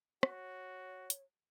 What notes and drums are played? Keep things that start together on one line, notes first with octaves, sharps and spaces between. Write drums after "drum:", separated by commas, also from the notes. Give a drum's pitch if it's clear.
F#4 C#5, drum: rim click
drum: hi-hat